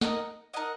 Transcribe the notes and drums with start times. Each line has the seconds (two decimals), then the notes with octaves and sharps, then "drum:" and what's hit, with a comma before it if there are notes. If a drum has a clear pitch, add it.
0.01 D#4 A#4 D#5 F#5, drum: snare
0.53 D#4 A#4 D#5 F#5